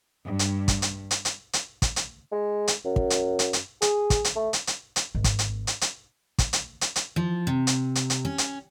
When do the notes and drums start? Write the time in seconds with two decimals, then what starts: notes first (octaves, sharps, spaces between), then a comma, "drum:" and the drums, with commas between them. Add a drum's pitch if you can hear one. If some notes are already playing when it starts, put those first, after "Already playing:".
0.25 G2
0.39 drum: hi-hat
0.68 drum: kick, hi-hat
0.82 drum: hi-hat
1.11 drum: hi-hat
1.25 drum: hi-hat
1.53 drum: hi-hat
1.82 drum: kick, hi-hat
1.96 drum: hi-hat
2.32 G#3
2.68 drum: hi-hat
2.85 F#2
2.96 drum: kick
3.10 drum: hi-hat
3.39 drum: hi-hat
3.53 drum: hi-hat
3.82 G#4, drum: hi-hat
4.10 drum: kick, hi-hat
4.24 drum: hi-hat
4.36 A3
4.53 drum: hi-hat
4.67 drum: hi-hat
4.96 drum: hi-hat
5.15 G#1
5.24 drum: kick, hi-hat
5.39 drum: hi-hat
5.67 drum: hi-hat
5.81 drum: hi-hat
6.38 drum: kick, hi-hat
6.53 drum: hi-hat
6.81 drum: hi-hat
6.96 drum: hi-hat
7.16 F3
7.47 C3
7.67 drum: hi-hat
7.95 drum: hi-hat
8.10 drum: hi-hat
8.25 C#4
8.38 drum: hi-hat